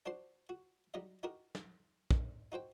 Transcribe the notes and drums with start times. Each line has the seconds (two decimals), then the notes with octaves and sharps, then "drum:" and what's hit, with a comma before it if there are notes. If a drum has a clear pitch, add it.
0.06 D4 F#4 C5 C6
0.49 F#4
0.94 F#3 G3 D#4 D5 D#5
1.23 D#4 F#4 G4 A#4
1.55 drum: snare
2.11 drum: kick
2.52 D#4 F#4 C5 G5